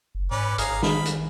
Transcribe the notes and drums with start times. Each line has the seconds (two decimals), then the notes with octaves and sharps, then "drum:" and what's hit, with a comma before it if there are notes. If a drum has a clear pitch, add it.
0.15 F#1
0.31 G#2 C#4 B4 D5
0.58 A1 G#4 F5 A#5, drum: hi-hat
0.83 D#3 B5, drum: snare
1.05 drum: hi-hat